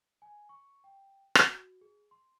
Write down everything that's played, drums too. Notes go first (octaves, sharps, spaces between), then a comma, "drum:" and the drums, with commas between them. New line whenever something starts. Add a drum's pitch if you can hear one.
G#5
C#6
G5
drum: rim click
F#4
G#4
C6